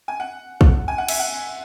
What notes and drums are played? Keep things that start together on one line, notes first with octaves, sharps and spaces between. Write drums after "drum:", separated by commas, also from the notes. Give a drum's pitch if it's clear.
G#5
F#5
drum: kick
G#5
F#5
E5, drum: cymbal
F#5